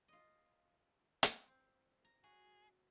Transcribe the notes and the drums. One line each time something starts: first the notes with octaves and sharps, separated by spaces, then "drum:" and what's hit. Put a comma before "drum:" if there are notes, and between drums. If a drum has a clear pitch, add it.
F4 D#5
drum: hi-hat
C4
A#5
F#4 G#4